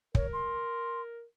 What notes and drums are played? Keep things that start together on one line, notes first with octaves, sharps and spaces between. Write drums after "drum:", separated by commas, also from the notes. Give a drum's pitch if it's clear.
A#4 C#5, drum: kick
C6